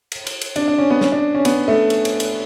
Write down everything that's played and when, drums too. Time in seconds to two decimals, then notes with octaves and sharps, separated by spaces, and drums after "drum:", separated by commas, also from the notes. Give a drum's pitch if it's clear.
0.12 drum: cymbal
0.27 drum: cymbal
0.41 drum: cymbal
0.56 D4, drum: cymbal
0.68 D4
0.78 C#4
0.90 B3
1.01 C#4, drum: snare
1.12 D4
1.35 C#4
1.45 B3, drum: cymbal
1.68 A3
1.90 drum: cymbal
2.05 drum: cymbal
2.20 drum: cymbal